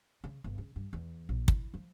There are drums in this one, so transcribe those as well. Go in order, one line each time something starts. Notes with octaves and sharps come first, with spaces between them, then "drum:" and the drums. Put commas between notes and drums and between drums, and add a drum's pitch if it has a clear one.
C#3
G1
C#3
G2
E2
A#1
E4, drum: kick
F3